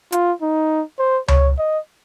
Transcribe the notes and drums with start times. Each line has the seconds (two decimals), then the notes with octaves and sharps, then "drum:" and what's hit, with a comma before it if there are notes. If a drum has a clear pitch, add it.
0.12 F4, drum: hi-hat
0.42 D#4
0.99 C5
1.28 C#5, drum: tom C#2
1.58 D#5